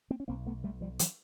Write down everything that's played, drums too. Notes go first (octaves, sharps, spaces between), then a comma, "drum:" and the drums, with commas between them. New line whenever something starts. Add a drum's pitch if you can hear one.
A#3 C4
C#4
B1 A#3 C4
A3 B3
B1 G3 A3
F3 G3
E3 F#3, drum: hi-hat